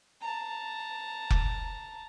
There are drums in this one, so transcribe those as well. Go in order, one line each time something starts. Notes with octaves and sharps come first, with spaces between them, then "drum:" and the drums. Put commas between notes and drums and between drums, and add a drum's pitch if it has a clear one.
A5 A#5
drum: kick F1